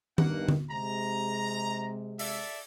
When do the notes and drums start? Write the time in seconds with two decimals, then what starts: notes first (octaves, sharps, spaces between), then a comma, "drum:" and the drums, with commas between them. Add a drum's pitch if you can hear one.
0.18 G2 D#3 A#3 B3 F#5, drum: tom D#3
0.49 drum: tom D3
0.70 C3 G#3 A#5
2.19 A4 D5 E5, drum: open hi-hat